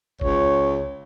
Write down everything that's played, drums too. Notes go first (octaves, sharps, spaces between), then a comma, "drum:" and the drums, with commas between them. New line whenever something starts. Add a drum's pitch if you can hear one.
C#2 C#5, drum: kick G1